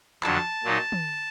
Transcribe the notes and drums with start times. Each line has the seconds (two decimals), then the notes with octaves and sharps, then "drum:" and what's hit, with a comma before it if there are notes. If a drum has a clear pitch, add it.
0.23 F2 D3 F#3 A5, drum: clap
0.64 A#2 F#3 A#3 D#4
0.92 drum: tom